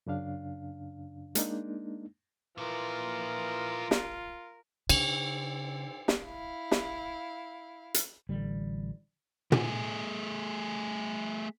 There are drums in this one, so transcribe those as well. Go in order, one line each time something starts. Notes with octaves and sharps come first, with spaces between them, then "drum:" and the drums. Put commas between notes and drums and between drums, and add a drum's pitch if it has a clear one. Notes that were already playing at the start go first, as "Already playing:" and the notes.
F#2 C#3 D4 F5
G#3 A#3 D4 D#4, drum: hi-hat
A#2 E3 F3 F4 A#4
drum: snare
C#3, drum: cymbal
drum: snare
E4 F5
drum: snare
drum: hi-hat
A1 D3 G3
A3 G#4, drum: tom